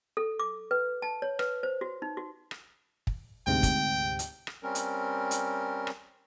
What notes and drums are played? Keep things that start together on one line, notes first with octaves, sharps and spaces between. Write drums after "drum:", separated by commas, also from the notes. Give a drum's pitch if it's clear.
A4
D6
B4
A5
C#5
B4, drum: rim click
C5
F#4
D#4
F#4
drum: rim click
drum: kick
D2 G#2 C3 G5
drum: kick, hi-hat
drum: hi-hat
drum: rim click
G3 C4 C#4 A#4
drum: hi-hat
drum: hi-hat
drum: rim click